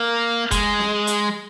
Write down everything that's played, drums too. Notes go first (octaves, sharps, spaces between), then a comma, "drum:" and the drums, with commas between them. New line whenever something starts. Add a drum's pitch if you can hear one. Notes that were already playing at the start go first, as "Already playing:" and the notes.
Already playing: A#3
G#3, drum: kick F#1, hi-hat
drum: snare
drum: hi-hat